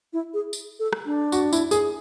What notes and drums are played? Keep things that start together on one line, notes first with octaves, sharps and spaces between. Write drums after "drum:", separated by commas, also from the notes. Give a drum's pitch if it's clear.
E4
G#4
drum: tambourine
A4
drum: rim click
D4
F#4, drum: tambourine
E4, drum: tambourine
G#4, drum: tambourine